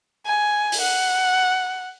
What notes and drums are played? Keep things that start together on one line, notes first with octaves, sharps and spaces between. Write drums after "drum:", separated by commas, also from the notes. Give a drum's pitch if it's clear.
G#5
drum: open hi-hat
F#5